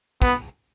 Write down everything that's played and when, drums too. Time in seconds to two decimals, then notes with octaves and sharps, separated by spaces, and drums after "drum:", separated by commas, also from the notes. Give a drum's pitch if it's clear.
0.22 B3, drum: kick